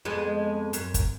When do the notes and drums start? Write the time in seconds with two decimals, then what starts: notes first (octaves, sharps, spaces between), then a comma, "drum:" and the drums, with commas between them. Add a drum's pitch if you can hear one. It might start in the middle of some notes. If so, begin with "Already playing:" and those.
0.05 F2 G#3 B3
0.73 F#2, drum: hi-hat
0.94 drum: kick, hi-hat